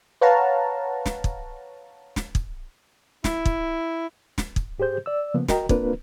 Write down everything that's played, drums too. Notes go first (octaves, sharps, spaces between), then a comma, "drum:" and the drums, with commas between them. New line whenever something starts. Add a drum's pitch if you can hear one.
B4 C#5 F5 F#5 A5 A#5
drum: snare
drum: kick
drum: snare
drum: kick
E4, drum: snare
drum: kick
drum: snare
drum: kick
G#2 G4 G#4 C5 G6
D5 E6
C#3 F3 A#3 B3
F#4 A#4 D#5 G5 A#5, drum: snare
A#3 C4 D4 F4 A#4 B4, drum: kick